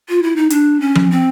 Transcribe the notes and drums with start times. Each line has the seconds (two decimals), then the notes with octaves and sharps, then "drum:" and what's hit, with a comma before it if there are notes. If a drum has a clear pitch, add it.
0.09 F4
0.23 E4
0.36 D#4
0.50 D4, drum: hi-hat
0.80 C#4
0.95 drum: tom F3
1.11 C4